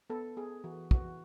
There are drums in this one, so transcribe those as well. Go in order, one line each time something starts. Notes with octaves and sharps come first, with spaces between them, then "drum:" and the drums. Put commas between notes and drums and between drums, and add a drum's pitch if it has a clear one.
B3 A4
B3 G#4
E3 F#4
E3 F#4, drum: kick